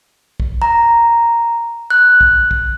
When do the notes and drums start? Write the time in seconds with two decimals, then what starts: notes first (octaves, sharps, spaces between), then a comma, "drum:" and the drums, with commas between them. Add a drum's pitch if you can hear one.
0.40 drum: kick
0.62 A#5
1.90 F#6
2.21 drum: kick
2.51 drum: kick